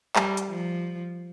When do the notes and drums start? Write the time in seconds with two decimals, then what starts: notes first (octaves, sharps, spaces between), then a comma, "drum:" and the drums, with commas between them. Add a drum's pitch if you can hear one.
0.16 G3, drum: clap
0.37 drum: hi-hat
0.49 F3